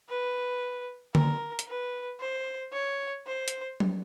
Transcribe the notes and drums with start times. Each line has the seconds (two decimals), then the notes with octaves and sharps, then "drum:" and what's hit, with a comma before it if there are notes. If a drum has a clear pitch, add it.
0.09 B4
1.15 A#4, drum: tom D3
1.59 drum: hi-hat
1.68 B4
2.20 C5
2.72 C#5
3.26 C5
3.48 drum: hi-hat
3.80 drum: tom F#3